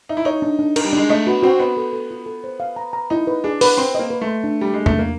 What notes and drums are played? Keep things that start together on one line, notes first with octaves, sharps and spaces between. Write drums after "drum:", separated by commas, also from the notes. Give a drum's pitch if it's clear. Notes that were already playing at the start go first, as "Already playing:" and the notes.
D#4 E5
E4
D#4 C#5
D4
D4
A#4, drum: cymbal
G3
G#3 D4
A3 D#5
B3 F#4
C4 F#4
B3 D#5
A4
A4
F4
A4
C5
F5
A#5
A#5
D#4 E4
B4
D4 G#4
B4, drum: open hi-hat
C4 C6
A#3 D#5
B4
A3
C6
D4
G3 G4
G#3 D4
A3, drum: tom E2
A#3 D4